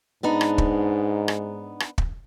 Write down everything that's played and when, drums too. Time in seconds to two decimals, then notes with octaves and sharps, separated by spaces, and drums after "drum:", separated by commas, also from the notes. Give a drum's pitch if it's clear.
0.23 G#2 B3 D4 D#4
0.41 drum: rim click
0.58 drum: kick
1.28 drum: rim click
1.80 drum: rim click
1.98 drum: kick